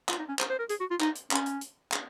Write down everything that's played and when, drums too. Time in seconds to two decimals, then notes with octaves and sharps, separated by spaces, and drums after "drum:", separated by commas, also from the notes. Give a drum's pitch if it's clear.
0.09 F4, drum: clap
0.19 D#4
0.29 C#4
0.39 C5, drum: clap
0.49 C5
0.59 A#4
0.69 G#4, drum: hi-hat
0.80 F#4
0.90 F4
1.00 D#4, drum: clap
1.16 drum: hi-hat
1.31 C#4, drum: clap
1.46 drum: hi-hat
1.61 drum: hi-hat
1.92 drum: clap